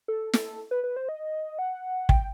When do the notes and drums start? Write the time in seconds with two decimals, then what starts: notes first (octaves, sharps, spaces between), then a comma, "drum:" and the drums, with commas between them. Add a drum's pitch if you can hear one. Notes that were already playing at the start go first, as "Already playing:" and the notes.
0.08 A4
0.33 A4, drum: snare
0.71 B4
0.84 B4
0.96 C5
1.09 D#5
1.59 F#5
2.09 G5, drum: kick